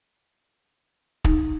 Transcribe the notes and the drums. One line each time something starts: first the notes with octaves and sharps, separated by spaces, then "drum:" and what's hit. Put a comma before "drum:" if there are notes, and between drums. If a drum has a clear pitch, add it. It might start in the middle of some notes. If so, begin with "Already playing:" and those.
D#4, drum: kick